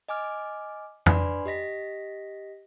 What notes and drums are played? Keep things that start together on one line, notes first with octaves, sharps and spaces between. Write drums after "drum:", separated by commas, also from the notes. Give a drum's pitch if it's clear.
D#5 G#5 D6 F6
D4 B4 D5 G#5 B5 C6, drum: tom F2
G4 D#5 A#6 B6